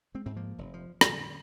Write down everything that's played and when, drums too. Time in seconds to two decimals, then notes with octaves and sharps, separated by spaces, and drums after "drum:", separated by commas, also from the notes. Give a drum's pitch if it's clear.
0.14 G#3 C4
0.26 G#2 C4
0.36 F3 A#3
0.58 F1
0.74 F3
1.01 drum: rim click